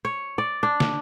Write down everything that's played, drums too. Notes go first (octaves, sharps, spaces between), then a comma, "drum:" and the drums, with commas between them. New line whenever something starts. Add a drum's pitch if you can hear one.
C#5
D5
D4
drum: snare